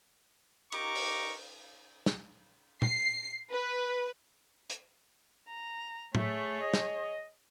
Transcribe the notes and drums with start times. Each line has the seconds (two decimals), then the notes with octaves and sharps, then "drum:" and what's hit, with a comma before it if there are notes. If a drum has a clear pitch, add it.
0.72 D#4 G4 A#4 A#5 C#6 D6, drum: cymbal
0.95 drum: open hi-hat
2.06 drum: snare
2.82 C7, drum: tom
3.51 B4
4.70 drum: hi-hat
5.48 A#5
6.15 A3 G#4 C#5, drum: tom A2
6.61 D#5
6.74 drum: snare